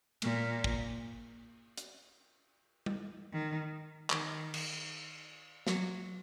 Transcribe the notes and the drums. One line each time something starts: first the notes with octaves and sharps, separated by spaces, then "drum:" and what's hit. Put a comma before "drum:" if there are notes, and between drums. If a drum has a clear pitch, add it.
A#2, drum: cymbal
drum: kick
drum: hi-hat
drum: tom G3
D#3
D#3, drum: clap
drum: cymbal
F#3, drum: snare